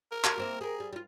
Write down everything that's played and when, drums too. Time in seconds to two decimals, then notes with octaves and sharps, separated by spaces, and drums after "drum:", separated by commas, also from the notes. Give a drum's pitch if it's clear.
0.12 A#4
0.24 F#4 G4, drum: clap
0.37 A#3 C4 E4
0.61 G4 G#4 A#4
0.80 G3
0.93 G3 F4